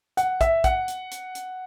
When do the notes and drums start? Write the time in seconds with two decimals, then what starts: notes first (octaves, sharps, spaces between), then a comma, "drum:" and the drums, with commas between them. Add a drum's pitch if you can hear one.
0.17 F#5, drum: hi-hat
0.41 E5, drum: kick, hi-hat
0.64 F#5, drum: kick, hi-hat
0.88 drum: hi-hat
1.11 drum: hi-hat
1.35 drum: hi-hat